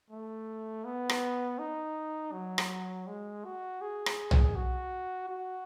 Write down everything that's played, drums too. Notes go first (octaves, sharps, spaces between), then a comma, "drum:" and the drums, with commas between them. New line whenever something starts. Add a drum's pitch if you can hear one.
A3
B3
drum: rim click
D#4
F#3
drum: rim click
G#3
F#4
G#4
drum: rim click
drum: tom B1
F#4
F#4